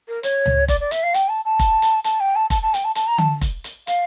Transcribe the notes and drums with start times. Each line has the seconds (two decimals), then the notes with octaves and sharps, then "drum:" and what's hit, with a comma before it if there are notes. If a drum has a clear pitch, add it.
0.08 A#4
0.23 C#5, drum: hi-hat
0.46 drum: tom C#2
0.68 D5, drum: kick F1, hi-hat
0.80 D5
0.91 E5, drum: hi-hat
1.03 F5
1.14 G5, drum: hi-hat
1.29 A5
1.45 A5
1.59 drum: kick F1, hi-hat
1.82 drum: hi-hat
2.04 A5, drum: hi-hat
2.20 G5
2.35 A5
2.50 A5, drum: kick F1, hi-hat
2.62 A5
2.74 G5, drum: hi-hat
2.84 A5
2.95 A5, drum: hi-hat
3.07 A#5
3.18 A5, drum: tom D3
3.41 drum: kick F1, hi-hat
3.64 drum: hi-hat
3.87 F5, drum: hi-hat